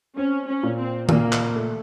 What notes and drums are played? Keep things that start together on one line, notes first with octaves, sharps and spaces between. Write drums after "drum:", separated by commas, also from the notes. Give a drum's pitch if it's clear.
C4 C#4
C#4
A#2
C4
A#2 A#3, drum: tom D#3
drum: clap
A3